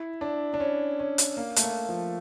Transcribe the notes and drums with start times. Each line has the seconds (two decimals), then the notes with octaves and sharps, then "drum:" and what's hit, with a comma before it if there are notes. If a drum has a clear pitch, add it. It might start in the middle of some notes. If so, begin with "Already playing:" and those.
Already playing: E4
0.21 D4
0.54 D4
0.60 C#4
0.99 C#4
1.18 drum: hi-hat
1.37 A#3
1.56 A3, drum: hi-hat
1.63 A#3
1.89 F3